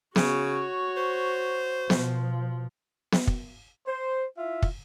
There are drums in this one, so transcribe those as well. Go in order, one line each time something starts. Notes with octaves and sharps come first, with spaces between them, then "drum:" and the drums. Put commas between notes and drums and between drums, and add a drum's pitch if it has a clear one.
C#3 F#4 C#5, drum: snare B3
C5
B2 F3, drum: snare B3
drum: snare B3
drum: kick
C5
E4 F4 E5
drum: kick